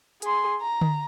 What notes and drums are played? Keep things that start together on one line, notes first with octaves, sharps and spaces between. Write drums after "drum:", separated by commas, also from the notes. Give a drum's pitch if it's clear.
G#4 C6, drum: hi-hat
A#5
drum: tom D3